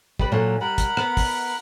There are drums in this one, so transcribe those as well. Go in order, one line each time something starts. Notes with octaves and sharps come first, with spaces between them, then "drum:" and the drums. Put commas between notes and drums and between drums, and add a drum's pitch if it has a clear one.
G3 B4 D5, drum: kick
A#2 D3 F#3
G3 A#4 F#5 B5
drum: kick, hi-hat
B3, drum: rim click
drum: kick, open hi-hat